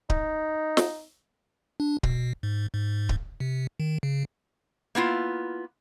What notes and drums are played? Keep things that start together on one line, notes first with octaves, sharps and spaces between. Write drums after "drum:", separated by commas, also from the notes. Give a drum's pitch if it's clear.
D#4, drum: kick D1
drum: snare
D4
B2, drum: kick D1
G#2
G#2
drum: kick D1
C3
D#3
C#3
A#3 B3 E4 F4